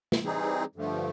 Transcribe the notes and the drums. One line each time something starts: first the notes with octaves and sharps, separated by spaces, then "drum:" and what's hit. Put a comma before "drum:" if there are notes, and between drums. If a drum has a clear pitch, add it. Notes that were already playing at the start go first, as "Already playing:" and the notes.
drum: snare
E3 G3 C4 D#4 G#4
G2 D3 F3 A3